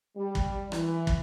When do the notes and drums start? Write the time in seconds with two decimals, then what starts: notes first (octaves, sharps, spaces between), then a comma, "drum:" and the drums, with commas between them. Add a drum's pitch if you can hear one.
0.17 G3
0.35 drum: kick
0.72 E3, drum: rim click
1.07 drum: kick